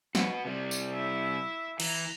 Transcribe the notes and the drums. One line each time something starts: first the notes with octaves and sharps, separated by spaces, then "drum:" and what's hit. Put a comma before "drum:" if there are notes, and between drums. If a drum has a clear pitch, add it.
F#4 B4, drum: snare
C3 G3
drum: tambourine
E4 E5
E3 A#5, drum: cymbal